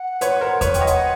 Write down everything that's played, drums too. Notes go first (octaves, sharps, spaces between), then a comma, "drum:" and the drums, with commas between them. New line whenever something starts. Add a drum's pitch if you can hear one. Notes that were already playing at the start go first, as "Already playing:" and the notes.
Already playing: F#5
B4 C#5, drum: hi-hat
A#4 C5
B4 C#5, drum: kick E2, hi-hat
G5, drum: hi-hat
C#5 D#5
F#5, drum: hi-hat